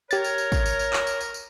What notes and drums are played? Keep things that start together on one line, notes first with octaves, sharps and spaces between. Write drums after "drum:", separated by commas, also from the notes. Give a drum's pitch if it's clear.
G4 A#4 C#5 A6, drum: tambourine
drum: tambourine
drum: tambourine
drum: kick, tambourine
drum: tambourine
drum: tambourine
drum: clap
drum: tambourine
drum: tambourine
drum: tambourine